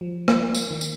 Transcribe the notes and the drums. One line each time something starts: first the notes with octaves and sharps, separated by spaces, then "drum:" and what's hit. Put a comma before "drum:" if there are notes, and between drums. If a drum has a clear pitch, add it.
F3
A#3, drum: rim click
drum: tambourine
D#3
drum: tambourine